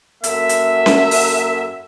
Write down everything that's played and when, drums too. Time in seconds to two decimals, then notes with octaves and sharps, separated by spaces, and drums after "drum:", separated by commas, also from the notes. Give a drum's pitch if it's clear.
0.24 F#2 A#3 A4 E5, drum: hi-hat
0.49 drum: hi-hat
0.86 drum: snare C#4
1.11 drum: open hi-hat